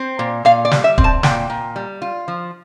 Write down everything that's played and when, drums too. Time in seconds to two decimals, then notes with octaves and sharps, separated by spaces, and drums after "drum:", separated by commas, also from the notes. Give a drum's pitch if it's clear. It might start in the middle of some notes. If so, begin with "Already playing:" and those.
Already playing: C4
0.19 A#2
0.45 A#2 F5
0.65 D5
0.71 G3, drum: snare
0.84 E5
0.98 C4, drum: kick
1.04 A5
1.23 A#2 G5, drum: snare
1.50 A#2
1.76 G3
2.02 F4
2.28 F3